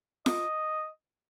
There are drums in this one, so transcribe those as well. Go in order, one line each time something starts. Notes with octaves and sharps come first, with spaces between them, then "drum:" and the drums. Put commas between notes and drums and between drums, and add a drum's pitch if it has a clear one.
D#5, drum: snare F4